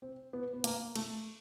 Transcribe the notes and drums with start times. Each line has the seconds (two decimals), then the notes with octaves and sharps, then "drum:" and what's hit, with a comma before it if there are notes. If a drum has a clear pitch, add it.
0.02 C4
0.33 B3
0.53 B3
0.64 A#3, drum: hi-hat
0.96 A3, drum: cymbal